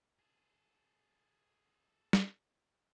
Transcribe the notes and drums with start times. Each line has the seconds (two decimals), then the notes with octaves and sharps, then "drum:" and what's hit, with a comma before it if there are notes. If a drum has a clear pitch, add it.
0.19 G#4 A4
2.13 drum: snare